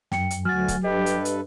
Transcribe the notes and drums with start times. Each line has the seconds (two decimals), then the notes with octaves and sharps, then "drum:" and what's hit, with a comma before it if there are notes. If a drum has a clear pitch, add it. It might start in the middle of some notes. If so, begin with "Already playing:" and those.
0.12 F#2 G5 C#7, drum: snare
0.30 drum: hi-hat
0.45 D2 F#3 F#4 G#5 F6 A6
0.68 drum: kick C#1, hi-hat
0.84 G2 G4 A4 B4 D#5
1.06 drum: hi-hat
1.25 drum: hi-hat